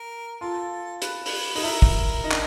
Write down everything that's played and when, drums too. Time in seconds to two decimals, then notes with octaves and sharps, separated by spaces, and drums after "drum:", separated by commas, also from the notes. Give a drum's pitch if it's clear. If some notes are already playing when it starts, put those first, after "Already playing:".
Already playing: A#4
0.41 F4 A4
1.02 B4, drum: hi-hat
1.26 B4, drum: open hi-hat
1.55 D#4, drum: open hi-hat
1.63 E4 A#4
1.82 drum: kick
2.24 D#4
2.32 D4, drum: clap